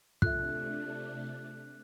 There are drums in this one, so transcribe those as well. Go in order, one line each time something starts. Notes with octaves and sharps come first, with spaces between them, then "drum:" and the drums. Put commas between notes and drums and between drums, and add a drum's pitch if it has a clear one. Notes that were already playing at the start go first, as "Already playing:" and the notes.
C3 A3 D4 F4 A4 E5 F#6, drum: kick